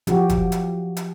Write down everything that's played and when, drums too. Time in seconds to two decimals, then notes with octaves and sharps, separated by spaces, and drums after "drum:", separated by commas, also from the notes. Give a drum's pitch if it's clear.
0.07 F3 F#4 G4, drum: hi-hat
0.29 drum: kick F#1, hi-hat
0.52 drum: hi-hat
0.97 drum: hi-hat